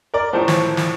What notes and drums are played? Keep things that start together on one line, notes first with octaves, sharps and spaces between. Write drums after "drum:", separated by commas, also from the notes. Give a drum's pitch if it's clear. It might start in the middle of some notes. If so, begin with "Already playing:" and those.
A#4 D5
A2 F3 A3 C5
drum: snare
drum: snare